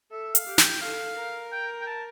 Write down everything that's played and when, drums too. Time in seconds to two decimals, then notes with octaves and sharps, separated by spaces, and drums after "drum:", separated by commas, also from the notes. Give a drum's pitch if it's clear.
0.11 A4 E5
0.35 F5, drum: hi-hat
0.47 G4
0.58 G5, drum: snare
0.82 A4 F5
1.17 A#4
1.52 G5
1.81 G5
1.87 A5